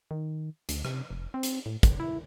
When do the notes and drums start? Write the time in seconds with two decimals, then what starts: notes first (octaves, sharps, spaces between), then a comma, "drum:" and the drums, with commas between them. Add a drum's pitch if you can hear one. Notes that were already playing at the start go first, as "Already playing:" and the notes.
0.11 D#3
0.69 D2, drum: hi-hat
0.85 C3, drum: rim click
1.11 F1
1.34 C4
1.43 drum: hi-hat
1.66 A2
1.83 E1, drum: kick, hi-hat
2.00 E4